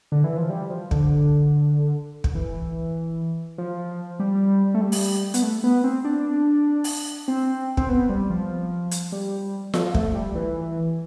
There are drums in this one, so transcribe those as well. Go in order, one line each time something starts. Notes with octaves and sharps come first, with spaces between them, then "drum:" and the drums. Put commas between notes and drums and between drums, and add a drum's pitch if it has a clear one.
D3
E3
F3
G3
F3
D3, drum: kick
drum: kick
E3
F3
G3
A3
G3
drum: open hi-hat
B3, drum: hi-hat
A3
B3
C4
D4
drum: open hi-hat
C4
C4, drum: kick
B3
G3
F3
drum: hi-hat
G3
F3, drum: snare F4
A3, drum: kick
G3
E3